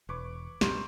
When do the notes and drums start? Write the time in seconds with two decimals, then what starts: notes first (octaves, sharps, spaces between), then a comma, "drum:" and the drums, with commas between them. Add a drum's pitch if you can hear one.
0.09 E1 B4 C#5 D6
0.61 C#2 G2 B2 G4 A#4 C5 C#5, drum: snare